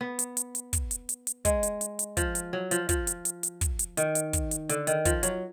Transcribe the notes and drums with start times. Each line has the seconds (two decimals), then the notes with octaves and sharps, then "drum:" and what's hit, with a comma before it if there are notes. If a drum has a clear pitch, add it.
0.01 B3
0.19 drum: hi-hat
0.37 drum: hi-hat
0.55 drum: hi-hat
0.73 drum: kick, hi-hat
0.91 drum: hi-hat
1.09 drum: hi-hat
1.27 drum: hi-hat
1.45 G#3, drum: kick, hi-hat
1.63 drum: hi-hat
1.81 drum: hi-hat
1.99 drum: hi-hat
2.17 F3, drum: kick, hi-hat
2.35 drum: hi-hat
2.53 F#3
2.71 F3, drum: hi-hat
2.89 F3, drum: kick, hi-hat
3.07 drum: hi-hat
3.25 drum: hi-hat
3.43 drum: hi-hat
3.61 drum: kick, hi-hat
3.79 drum: hi-hat
3.97 D#3, drum: hi-hat
4.15 drum: hi-hat
4.33 drum: kick, hi-hat
4.51 drum: hi-hat
4.69 D3, drum: hi-hat
4.87 D#3, drum: hi-hat
5.05 F3, drum: kick, hi-hat
5.23 F#3, drum: hi-hat